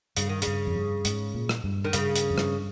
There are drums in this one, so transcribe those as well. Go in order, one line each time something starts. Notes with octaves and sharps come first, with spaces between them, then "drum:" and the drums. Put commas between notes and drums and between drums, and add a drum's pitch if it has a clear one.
G2 C#3, drum: hi-hat
D#3
G2 C#3, drum: hi-hat
F2
G2
G#2, drum: hi-hat
A#2
drum: rim click
G2
D#3
G2 C#3, drum: hi-hat
drum: hi-hat
F2
G2, drum: rim click